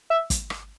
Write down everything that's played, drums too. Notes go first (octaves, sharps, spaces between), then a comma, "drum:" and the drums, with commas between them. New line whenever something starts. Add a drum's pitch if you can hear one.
E5
drum: kick, hi-hat
drum: rim click